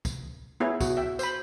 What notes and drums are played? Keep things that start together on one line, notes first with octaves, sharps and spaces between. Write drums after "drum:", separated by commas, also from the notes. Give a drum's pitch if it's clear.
drum: kick, tambourine
B3 E4 G#4 C#5
F#4, drum: kick, tambourine
E5 G5
C5 B5, drum: tambourine